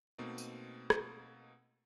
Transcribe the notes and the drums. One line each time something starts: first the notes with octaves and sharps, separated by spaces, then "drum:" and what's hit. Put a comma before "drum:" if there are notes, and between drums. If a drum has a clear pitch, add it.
B2 A3 A#3 C4 D#4
drum: tambourine
drum: rim click